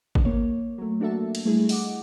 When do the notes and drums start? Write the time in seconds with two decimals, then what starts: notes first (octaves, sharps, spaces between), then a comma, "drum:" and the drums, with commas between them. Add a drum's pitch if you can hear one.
0.15 drum: kick G#1
0.25 A#3 C#5
0.78 F#3 A3
1.00 A#3 D4 F#4 A4 E5 A5
1.35 drum: cymbal
1.45 G3 A3 E4 G#4
1.69 D#5 F#5 D6, drum: open hi-hat